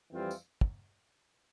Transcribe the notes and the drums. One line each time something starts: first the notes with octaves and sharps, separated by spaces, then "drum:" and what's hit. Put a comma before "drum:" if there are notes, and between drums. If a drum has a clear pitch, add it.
F2 E3 G3 C4 F4
drum: tambourine
drum: kick